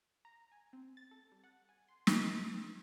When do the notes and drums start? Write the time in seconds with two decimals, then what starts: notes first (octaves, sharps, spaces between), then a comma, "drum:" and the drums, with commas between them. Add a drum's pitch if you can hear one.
0.25 A#5
0.52 G#5
0.73 C4
0.97 A6
1.11 A4
1.32 G3
1.44 F#5
1.69 G#5
1.88 C6
2.07 G3, drum: snare
2.39 C#2
2.57 E7